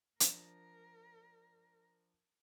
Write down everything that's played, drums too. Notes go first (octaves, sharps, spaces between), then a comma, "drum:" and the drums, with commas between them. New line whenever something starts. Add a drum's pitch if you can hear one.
F3 D4 A#4, drum: hi-hat